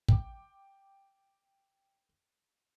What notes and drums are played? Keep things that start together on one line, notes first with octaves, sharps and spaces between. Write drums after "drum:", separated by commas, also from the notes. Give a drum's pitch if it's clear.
G5 D6, drum: kick